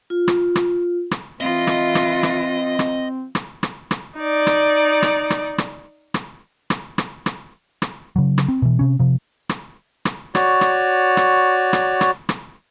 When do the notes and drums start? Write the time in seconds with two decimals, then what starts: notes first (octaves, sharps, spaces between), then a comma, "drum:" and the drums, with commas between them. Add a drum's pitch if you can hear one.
0.10 F4
0.28 drum: rim click
0.56 drum: rim click
1.11 drum: rim click
1.41 E3 C4 F4 D#5
1.67 drum: rim click
1.95 drum: rim click
2.23 drum: rim click
2.79 drum: rim click
3.35 drum: rim click
3.63 drum: rim click
3.91 drum: rim click
4.19 D#4 D5
4.47 drum: rim click
5.02 drum: rim click
5.30 drum: rim click
5.58 drum: rim click
6.14 drum: rim click
6.70 drum: rim click
6.98 drum: rim click
7.26 drum: rim click
7.82 drum: rim click
8.16 C#3 F#3
8.38 drum: rim click
8.49 C4
8.62 B2 E3
8.79 C3 C#4
8.99 C3 F3
9.49 drum: rim click
10.05 drum: rim click
10.35 F#4 C#5 D5, drum: rim click
10.61 drum: rim click
11.17 drum: rim click
11.73 drum: rim click
12.01 drum: rim click
12.29 drum: rim click